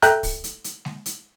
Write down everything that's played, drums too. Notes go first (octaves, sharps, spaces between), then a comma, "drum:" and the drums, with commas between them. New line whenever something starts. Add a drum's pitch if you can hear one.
A4 E5 G5 A#5 F#6 G6, drum: hi-hat
drum: kick, open hi-hat
drum: hi-hat
drum: hi-hat
drum: snare G#3
drum: hi-hat